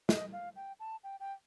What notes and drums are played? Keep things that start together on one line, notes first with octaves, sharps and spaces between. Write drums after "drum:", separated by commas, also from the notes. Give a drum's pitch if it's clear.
D#5, drum: snare
F5
G5
A5
G5
G5